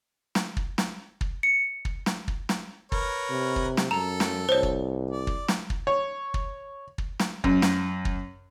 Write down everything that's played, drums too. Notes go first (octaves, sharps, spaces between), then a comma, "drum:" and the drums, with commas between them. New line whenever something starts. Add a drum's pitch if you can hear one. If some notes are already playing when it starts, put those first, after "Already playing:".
drum: snare
drum: kick
drum: snare
drum: kick
C#7
drum: kick
drum: snare
drum: kick
drum: snare
A#4 B4 C#5, drum: kick
C3
drum: kick
drum: snare
F#2 A4 A#5 F7
drum: snare
C2 C5 C#5
drum: kick
D5
drum: kick
drum: snare
drum: kick
C#5
drum: kick
drum: kick
drum: snare
F#2, drum: kick
drum: snare
drum: kick